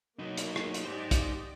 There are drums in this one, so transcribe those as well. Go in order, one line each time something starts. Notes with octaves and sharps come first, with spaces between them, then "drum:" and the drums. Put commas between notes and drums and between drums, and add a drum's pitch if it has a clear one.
F#3 A#3 D#4 C#5
drum: hi-hat
drum: rim click
drum: hi-hat
D#4 G4 C5 D5 D#5
drum: kick, hi-hat